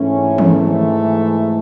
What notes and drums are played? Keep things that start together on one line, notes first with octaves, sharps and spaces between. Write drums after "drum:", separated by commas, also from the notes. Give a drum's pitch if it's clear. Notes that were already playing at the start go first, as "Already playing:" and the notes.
Already playing: G#2 E3 A3 C#4
A3, drum: tom